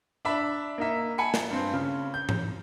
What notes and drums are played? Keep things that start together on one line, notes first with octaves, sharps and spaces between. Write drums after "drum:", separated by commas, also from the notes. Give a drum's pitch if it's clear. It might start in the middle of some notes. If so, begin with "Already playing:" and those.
D4 E5 B5
A#3 D#4 E5
G#5 A5 B5 C#7
drum: snare
G2 C4
C#3
G6
drum: tom G#2